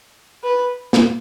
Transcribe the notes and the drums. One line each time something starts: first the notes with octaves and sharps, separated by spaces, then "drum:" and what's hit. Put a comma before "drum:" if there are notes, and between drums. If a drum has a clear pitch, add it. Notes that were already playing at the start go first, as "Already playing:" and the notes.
B4
drum: snare